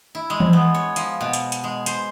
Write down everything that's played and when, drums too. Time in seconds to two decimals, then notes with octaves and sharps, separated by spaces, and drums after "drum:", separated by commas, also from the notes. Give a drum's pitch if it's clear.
0.15 E4
0.30 G#3
0.40 drum: tom E3
0.53 B3
0.74 C#5
0.96 F3, drum: hi-hat
1.21 B2
1.33 drum: hi-hat
1.52 drum: hi-hat
1.64 G#3
1.86 C5, drum: hi-hat